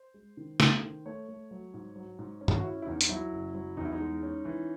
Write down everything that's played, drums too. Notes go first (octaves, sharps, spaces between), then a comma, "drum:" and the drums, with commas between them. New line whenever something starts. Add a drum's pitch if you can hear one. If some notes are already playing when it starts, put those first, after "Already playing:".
Already playing: C5
G#3
D#3
A3, drum: snare
D#3
A3 C#5
A3
F#3
G#2
F#3
G#2
C#4
G#4, drum: tom G2
F#4
C#4 E4
E4
E2 D#4
D#4, drum: hi-hat
F#3 E4
F#1
F#3
E2 D#4
E4
D#4
G#3
C#4
E3